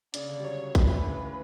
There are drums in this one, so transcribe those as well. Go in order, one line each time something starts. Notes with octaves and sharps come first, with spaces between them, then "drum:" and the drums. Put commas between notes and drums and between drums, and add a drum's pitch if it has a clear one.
C#3 D5, drum: hi-hat
D3
G3
F#3 C#5
A3 B4, drum: kick, hi-hat
E3
D3
C#3
C#3